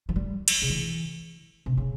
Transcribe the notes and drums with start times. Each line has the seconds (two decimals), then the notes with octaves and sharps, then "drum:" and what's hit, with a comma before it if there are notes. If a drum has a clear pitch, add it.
0.09 F3
0.16 G3
0.48 drum: cymbal
0.62 C#3
0.70 E3
1.66 C3
1.77 C#3